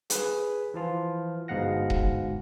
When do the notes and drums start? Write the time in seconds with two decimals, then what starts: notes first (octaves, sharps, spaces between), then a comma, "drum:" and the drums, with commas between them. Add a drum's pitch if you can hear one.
0.10 G#4 B4, drum: hi-hat
0.74 E3 F3 F4
1.48 G1 G#2 B2 F5 F#5 A#6
1.90 drum: kick D#1